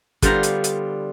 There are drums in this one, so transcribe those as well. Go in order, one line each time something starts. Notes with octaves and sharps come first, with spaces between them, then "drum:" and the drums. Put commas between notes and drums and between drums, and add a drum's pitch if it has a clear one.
D3 G3 B3 F4 C5 A#5, drum: kick, hi-hat
drum: hi-hat
drum: hi-hat